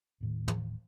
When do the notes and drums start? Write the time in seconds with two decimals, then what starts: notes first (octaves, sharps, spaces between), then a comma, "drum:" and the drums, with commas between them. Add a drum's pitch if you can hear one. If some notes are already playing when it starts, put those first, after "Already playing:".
0.21 D#1 A2 D#3
0.48 drum: tom